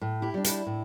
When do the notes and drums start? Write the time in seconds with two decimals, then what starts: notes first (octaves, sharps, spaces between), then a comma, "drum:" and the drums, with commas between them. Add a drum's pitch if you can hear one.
0.01 A2
0.22 E4 G4
0.34 G3 D4
0.44 E4, drum: hi-hat
0.66 A2